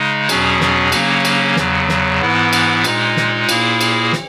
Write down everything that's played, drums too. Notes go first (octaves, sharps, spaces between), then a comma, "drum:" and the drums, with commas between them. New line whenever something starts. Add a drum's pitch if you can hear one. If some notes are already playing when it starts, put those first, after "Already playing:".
Already playing: C#3 G#3 D#4
E2 B2 F#3 C#4 G#4, drum: cymbal
drum: snare
C#3 F#3 A#3 C#4, drum: cymbal
drum: cymbal
E2 C#3 F#3, drum: snare
drum: snare
G#2 E3 B3 E4
drum: cymbal
A#2 G#3 D#4, drum: cymbal
drum: snare
A#2 A#3 E4 G#4, drum: cymbal
drum: cymbal
drum: snare